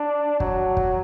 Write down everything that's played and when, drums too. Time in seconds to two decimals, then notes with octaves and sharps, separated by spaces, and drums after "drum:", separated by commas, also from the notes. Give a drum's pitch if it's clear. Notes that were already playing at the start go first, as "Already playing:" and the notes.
Already playing: D4
0.40 F#3, drum: kick
0.77 drum: kick